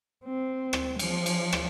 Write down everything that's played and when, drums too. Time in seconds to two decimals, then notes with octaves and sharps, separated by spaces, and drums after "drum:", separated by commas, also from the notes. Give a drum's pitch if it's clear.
0.25 C4
0.73 drum: rim click
0.99 F3, drum: cymbal
1.26 drum: cymbal
1.52 drum: rim click